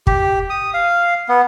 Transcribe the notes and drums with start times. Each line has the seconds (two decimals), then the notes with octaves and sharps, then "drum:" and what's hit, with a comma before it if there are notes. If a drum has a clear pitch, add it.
0.07 G4, drum: kick
0.50 D#6
0.74 F5
1.29 B3